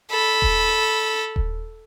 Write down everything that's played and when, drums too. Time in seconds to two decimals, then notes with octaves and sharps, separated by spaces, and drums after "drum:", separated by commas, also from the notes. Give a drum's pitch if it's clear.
0.11 A4 B5
0.42 drum: kick D#1
1.36 drum: kick D#1